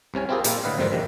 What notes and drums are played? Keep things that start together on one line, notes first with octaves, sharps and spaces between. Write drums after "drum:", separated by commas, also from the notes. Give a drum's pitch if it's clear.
C2 C3 C#4 G#5
C4 E4 F4 G4 G#4 A#4
A#2 A#3 E4 F4, drum: hi-hat
A2 D3 B4 D#5 F5
F2 G#2 C3 D#3 G3 C4
A#1 C3 D#3